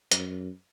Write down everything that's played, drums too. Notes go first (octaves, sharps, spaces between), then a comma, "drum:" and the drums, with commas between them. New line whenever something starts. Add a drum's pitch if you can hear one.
F#2, drum: hi-hat